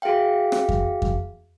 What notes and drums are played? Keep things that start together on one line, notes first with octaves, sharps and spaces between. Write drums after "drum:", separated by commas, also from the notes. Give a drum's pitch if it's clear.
F#4 G#4 E5 F5 G5
drum: rim click
drum: kick F2
drum: kick F2